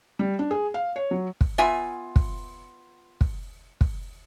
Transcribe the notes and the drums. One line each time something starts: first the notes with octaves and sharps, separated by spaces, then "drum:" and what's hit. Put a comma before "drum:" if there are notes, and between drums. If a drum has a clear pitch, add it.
G3
D4
G#4
F5
C#5
F#3
drum: kick
B3 F4 E5 G#5
drum: kick
drum: kick
drum: kick